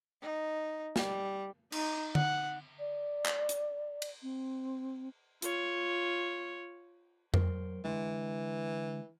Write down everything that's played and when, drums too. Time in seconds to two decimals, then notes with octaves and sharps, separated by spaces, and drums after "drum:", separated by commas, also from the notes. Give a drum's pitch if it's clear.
0.21 D#4
0.96 G3, drum: snare
1.72 D#4, drum: cymbal
2.15 F#5, drum: tom D3
2.79 D5
3.26 drum: clap
3.49 drum: hi-hat
4.02 drum: cymbal
4.23 C4
5.42 F4 C#5, drum: hi-hat
7.34 F#3 A#4 C5, drum: tom F2
7.84 D3 E3 G#3